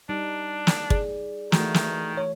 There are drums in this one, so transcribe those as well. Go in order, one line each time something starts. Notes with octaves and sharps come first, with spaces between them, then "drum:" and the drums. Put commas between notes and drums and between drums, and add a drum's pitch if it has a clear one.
G3 D4 D#4
drum: snare
G#4 D5, drum: kick
D#3 E3 A3 F#4, drum: snare
drum: snare
C#5